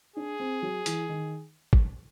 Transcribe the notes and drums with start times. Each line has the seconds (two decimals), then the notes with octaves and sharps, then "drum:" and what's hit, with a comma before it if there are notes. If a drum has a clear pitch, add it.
0.16 D4 G#4
0.40 C4
0.63 F#3
0.86 E3, drum: hi-hat
1.09 D#3
1.73 drum: kick